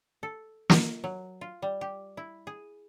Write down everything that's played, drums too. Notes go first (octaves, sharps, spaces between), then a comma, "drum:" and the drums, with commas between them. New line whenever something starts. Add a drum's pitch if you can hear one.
A4
A#4, drum: snare
F#3
F4
G3
G4
E4
G#4